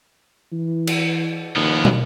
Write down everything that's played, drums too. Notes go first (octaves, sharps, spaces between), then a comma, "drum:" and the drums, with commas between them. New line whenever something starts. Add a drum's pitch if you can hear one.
E3
drum: cymbal
D#2 F3 B3
drum: tom